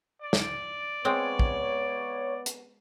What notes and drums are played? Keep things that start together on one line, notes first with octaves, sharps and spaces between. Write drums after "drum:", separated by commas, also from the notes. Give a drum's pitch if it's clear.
D5
drum: snare
G#3 B3 C4 C#5
drum: kick
drum: hi-hat